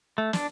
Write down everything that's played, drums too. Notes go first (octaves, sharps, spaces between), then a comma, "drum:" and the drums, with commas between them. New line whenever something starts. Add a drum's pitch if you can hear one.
A3
D4, drum: snare